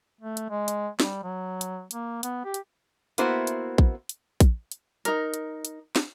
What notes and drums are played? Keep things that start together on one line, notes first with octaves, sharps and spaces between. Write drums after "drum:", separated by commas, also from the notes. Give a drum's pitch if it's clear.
A3
drum: hi-hat
G#3
drum: hi-hat
G3, drum: snare
F#3
drum: hi-hat
A#3, drum: hi-hat
B3, drum: hi-hat
G4
drum: hi-hat
A#3 B3 E4 F#4 C5, drum: hi-hat
drum: hi-hat
drum: kick
drum: hi-hat
drum: kick, hi-hat
drum: hi-hat
D#4 A#4, drum: hi-hat
drum: hi-hat
drum: hi-hat
drum: snare